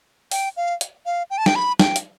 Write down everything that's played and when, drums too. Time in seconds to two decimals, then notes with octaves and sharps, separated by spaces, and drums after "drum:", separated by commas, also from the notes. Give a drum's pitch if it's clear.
0.31 G5, drum: open hi-hat
0.56 F5
0.81 drum: hi-hat
1.06 F5
1.30 G5
1.38 A5
1.46 G5, drum: snare
1.55 B5
1.80 G5, drum: snare
1.96 drum: hi-hat